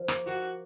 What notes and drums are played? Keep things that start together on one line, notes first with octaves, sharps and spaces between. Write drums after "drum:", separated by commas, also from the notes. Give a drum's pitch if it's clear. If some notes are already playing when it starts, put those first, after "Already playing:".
Already playing: F3
A#3, drum: rim click
A#3 F#4